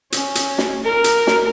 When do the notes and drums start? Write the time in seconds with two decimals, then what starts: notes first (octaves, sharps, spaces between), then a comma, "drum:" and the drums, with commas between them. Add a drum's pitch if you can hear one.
0.12 C#4, drum: hi-hat
0.35 drum: hi-hat
0.58 drum: snare
0.85 A#4
1.04 drum: hi-hat
1.27 drum: snare